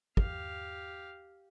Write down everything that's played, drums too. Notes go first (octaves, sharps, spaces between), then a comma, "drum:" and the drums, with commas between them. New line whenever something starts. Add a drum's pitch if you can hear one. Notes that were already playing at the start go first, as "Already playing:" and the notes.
G4 F5, drum: kick